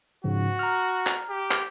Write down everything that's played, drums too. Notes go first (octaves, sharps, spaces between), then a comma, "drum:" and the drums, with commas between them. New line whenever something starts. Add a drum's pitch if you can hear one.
G#2 C#3 F3 F#4
A#5 F6
drum: clap
G4
drum: clap